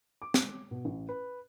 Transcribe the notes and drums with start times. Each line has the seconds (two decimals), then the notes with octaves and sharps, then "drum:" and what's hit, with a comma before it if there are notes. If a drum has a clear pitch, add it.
0.22 D6
0.34 drum: snare
0.71 B2
0.85 A1
1.09 B4